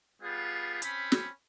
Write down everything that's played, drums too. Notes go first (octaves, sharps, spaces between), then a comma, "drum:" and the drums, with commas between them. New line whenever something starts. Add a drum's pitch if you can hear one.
G3 B3 F4 G#4
C4 C#4 B5, drum: hi-hat
drum: snare